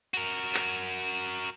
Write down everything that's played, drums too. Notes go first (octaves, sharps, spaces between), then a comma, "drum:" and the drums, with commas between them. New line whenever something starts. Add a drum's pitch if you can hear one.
F#4 A#4, drum: hi-hat
drum: clap